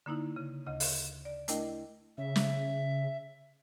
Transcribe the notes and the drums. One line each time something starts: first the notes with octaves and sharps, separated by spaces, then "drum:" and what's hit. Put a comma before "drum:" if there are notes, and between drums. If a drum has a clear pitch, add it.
D3 A#3 D#4 E4
C#3
D2 C#3 D#5
F5, drum: open hi-hat
D5
A3 D4 E4 A#4 D#5 G5, drum: hi-hat
C#3 E5
drum: snare